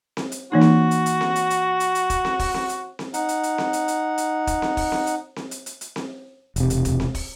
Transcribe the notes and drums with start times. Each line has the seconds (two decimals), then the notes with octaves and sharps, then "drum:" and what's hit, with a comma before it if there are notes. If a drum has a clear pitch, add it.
0.17 drum: snare C4
0.32 drum: hi-hat
0.52 E3 A#3 D#4 F#4
0.61 drum: snare C4
0.91 drum: hi-hat
1.06 drum: hi-hat
1.21 drum: snare C4
1.36 drum: hi-hat
1.50 drum: hi-hat
1.80 drum: hi-hat
1.95 drum: hi-hat
2.10 drum: kick, hi-hat
2.25 drum: snare C4
2.39 drum: kick, open hi-hat
2.54 drum: snare C4
2.69 drum: hi-hat
2.99 drum: snare C4
3.14 D#4 F#5, drum: hi-hat
3.29 drum: hi-hat
3.43 drum: hi-hat
3.58 drum: snare C4
3.73 drum: hi-hat
3.88 drum: hi-hat
4.18 drum: hi-hat
4.47 drum: kick, hi-hat
4.62 drum: snare C4
4.77 drum: kick, open hi-hat
4.92 drum: snare C4
5.07 drum: hi-hat
5.36 drum: snare C4
5.51 drum: hi-hat
5.66 drum: hi-hat
5.81 drum: hi-hat
5.96 drum: snare C4
6.56 E1 C3, drum: hi-hat
6.70 drum: hi-hat
6.85 drum: kick, hi-hat
7.00 drum: snare C4
7.15 drum: kick, open hi-hat